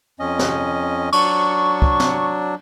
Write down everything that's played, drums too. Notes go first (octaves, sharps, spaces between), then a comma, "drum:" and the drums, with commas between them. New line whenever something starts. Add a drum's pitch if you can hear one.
F2 C#4 D#5
drum: snare
F#3 D4 C#6, drum: cymbal
drum: kick
drum: snare